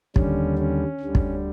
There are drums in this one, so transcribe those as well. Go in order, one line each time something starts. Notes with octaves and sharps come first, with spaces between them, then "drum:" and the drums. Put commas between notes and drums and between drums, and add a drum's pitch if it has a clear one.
D#2 D3 G3 C#4, drum: kick
C#4
D2 D3 G3
drum: kick